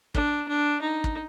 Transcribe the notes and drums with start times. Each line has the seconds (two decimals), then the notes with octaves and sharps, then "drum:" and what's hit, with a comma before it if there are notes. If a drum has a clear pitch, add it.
0.15 D4, drum: kick
0.48 D4
0.82 D#4
1.04 drum: kick